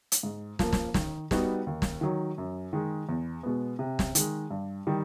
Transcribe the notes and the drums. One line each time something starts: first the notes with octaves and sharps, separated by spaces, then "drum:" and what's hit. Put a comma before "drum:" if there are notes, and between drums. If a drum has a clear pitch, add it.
drum: hi-hat
G#2
F3 A#3, drum: snare
drum: snare
D#3, drum: snare
G3 B3 D#4 F#4, drum: snare
D#2
drum: snare
D#3 F#3
F#2
D#3 G#3
E2
B2 G#3 B3
C3
drum: snare
D#3 G#3, drum: hi-hat
G2
D#3 G3